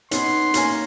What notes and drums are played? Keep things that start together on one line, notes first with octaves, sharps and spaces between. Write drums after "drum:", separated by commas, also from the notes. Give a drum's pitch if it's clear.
B3 C#4 D#4 C6, drum: hi-hat
A#3 C#4 G#5, drum: hi-hat